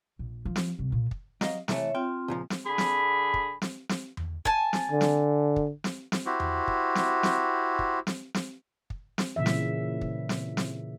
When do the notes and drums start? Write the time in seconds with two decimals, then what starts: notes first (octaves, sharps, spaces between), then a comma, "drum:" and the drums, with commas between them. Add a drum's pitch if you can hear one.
0.19 A#1
0.45 F3
0.56 drum: snare
0.79 C2
0.92 A#2
1.11 drum: kick
1.41 F#3 D#5 F5, drum: snare
1.68 C3 E3 A3 C#5 E5, drum: snare
1.95 C4 F4 G5
2.28 C#2 A#2 F3
2.50 drum: snare
2.66 D3 G#4 B5
2.78 drum: snare
3.34 drum: kick
3.62 drum: snare
3.89 drum: snare
4.17 drum: tom E2
4.45 G#5 A5, drum: kick
4.73 drum: snare
4.92 D3
5.01 drum: snare
5.56 drum: kick
5.84 drum: snare
6.12 drum: snare
6.26 E4 F#4 G4 C5
6.40 drum: tom E2
6.68 drum: kick
6.95 drum: snare
7.23 drum: snare
7.79 drum: kick
8.07 drum: snare
8.34 drum: snare
8.90 drum: kick
9.18 drum: snare
9.36 A#2 C#3 E3 E5
9.46 drum: snare
10.01 drum: kick
10.29 drum: snare
10.57 drum: snare